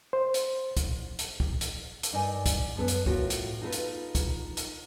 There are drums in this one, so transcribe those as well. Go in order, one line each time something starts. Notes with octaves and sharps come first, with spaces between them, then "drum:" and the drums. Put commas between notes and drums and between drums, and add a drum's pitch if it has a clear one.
C5
drum: hi-hat
drum: kick, hi-hat
drum: hi-hat
drum: kick
drum: hi-hat
drum: hi-hat
G2 D#4 A#4 D5 G#5
drum: kick, hi-hat
F#2 B3 A4 B4
drum: hi-hat
A2 F4 F#4 A#4 C#5, drum: kick
drum: hi-hat
D#4 F4 A4 B4
drum: hi-hat
drum: kick, hi-hat
drum: hi-hat